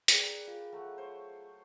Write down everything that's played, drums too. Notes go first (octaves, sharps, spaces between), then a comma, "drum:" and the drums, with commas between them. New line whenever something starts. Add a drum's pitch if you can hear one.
G#4 A#4 B4 D5 G5, drum: hi-hat
F4 G#4 F5
F#3 A3 F#4
C5 C#5